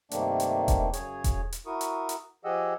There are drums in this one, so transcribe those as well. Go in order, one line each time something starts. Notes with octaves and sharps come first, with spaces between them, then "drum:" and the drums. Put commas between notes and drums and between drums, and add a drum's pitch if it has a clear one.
G2 C3 D#3 A3 A#3 D4, drum: hi-hat
drum: hi-hat
drum: kick E1, hi-hat
F#2 C#3 G#4 C#5, drum: hi-hat
drum: kick E1, hi-hat
drum: hi-hat
E4 F#4 A#4 C#6 D#6
drum: hi-hat
drum: hi-hat
F3 G4 G#4 D#5 F#5 E6